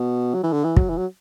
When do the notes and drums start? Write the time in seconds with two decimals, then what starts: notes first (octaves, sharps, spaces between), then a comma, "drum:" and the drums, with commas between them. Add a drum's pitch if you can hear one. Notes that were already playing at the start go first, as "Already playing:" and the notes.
Already playing: B2
0.34 F#3
0.43 E3
0.52 D3
0.64 E3
0.77 F#3, drum: kick
0.89 E3
0.97 F#3